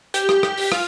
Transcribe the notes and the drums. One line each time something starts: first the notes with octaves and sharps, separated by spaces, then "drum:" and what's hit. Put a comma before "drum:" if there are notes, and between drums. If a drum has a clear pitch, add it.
G4, drum: hi-hat
drum: rim click
drum: rim click
drum: open hi-hat
F4, drum: rim click